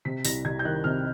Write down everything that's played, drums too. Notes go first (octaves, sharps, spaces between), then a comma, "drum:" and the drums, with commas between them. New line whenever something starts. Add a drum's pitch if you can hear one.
C3 B6
C2 A#6, drum: open hi-hat
C2 G#6
G6
D#3 F#6
C3 F6